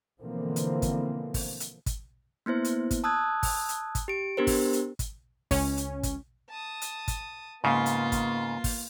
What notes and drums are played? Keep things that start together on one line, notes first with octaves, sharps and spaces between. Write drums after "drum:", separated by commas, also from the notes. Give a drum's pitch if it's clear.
B2 D3 E3 F3 A#3 C4
drum: hi-hat
drum: kick, hi-hat
drum: kick, open hi-hat
drum: hi-hat
drum: kick, hi-hat
A#3 B3 E4 C5
drum: hi-hat
drum: kick, hi-hat
A5 D#6 E6 F#6 G#6
drum: kick, open hi-hat
drum: hi-hat
drum: kick, hi-hat
G4 D7
B3 D4 G4 A#4 C5
drum: kick, open hi-hat
drum: hi-hat
drum: kick, hi-hat
C#2 C#4, drum: kick, open hi-hat
drum: hi-hat
drum: kick, hi-hat
A5 D#6
drum: hi-hat
drum: kick, hi-hat
G#2 C#3 A#3 B3 F4
drum: hi-hat
drum: kick, hi-hat
drum: kick, open hi-hat